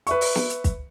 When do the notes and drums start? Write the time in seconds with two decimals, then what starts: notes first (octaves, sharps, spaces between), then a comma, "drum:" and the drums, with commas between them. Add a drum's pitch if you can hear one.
0.07 B4 E5 C#6, drum: hi-hat
0.21 drum: open hi-hat
0.35 drum: snare
0.50 drum: hi-hat
0.64 drum: kick, hi-hat